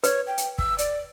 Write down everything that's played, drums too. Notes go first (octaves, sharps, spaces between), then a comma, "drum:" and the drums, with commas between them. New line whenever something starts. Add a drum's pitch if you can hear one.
B4 C#5, drum: hi-hat
G5
drum: hi-hat
E6, drum: kick
D5, drum: hi-hat